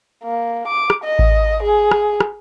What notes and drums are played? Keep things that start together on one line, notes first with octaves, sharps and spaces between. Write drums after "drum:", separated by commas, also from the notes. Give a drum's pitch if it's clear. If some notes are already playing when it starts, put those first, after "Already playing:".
A#3
D6
drum: rim click
D#5
drum: kick A1
G#4
drum: rim click
drum: rim click